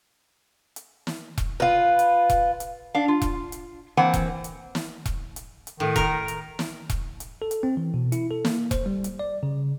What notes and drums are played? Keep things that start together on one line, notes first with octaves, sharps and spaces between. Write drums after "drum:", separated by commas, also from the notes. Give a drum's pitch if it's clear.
drum: hi-hat
drum: snare
drum: kick E1, hi-hat
F4 B4
drum: hi-hat
drum: kick E1, hi-hat
drum: hi-hat
D4 F5
F4
drum: kick E1, hi-hat
drum: hi-hat
E3 A#3 C4 F#5
drum: kick E1, hi-hat
drum: hi-hat
drum: snare
drum: kick E1, hi-hat
drum: hi-hat
drum: hi-hat
A2 D#3
A#4, drum: kick E1, hi-hat
drum: hi-hat
drum: snare
drum: kick E1, hi-hat
drum: hi-hat
A4
drum: hi-hat
C4
E3
B2
E4, drum: hi-hat
A4
A#3, drum: snare
C5, drum: kick E1, hi-hat
G3
drum: hi-hat
D5
C#3